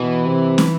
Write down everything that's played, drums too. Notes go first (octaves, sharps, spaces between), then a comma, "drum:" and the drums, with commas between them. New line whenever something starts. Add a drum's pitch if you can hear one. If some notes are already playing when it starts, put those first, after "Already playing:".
Already playing: B2 E3
C3
drum: snare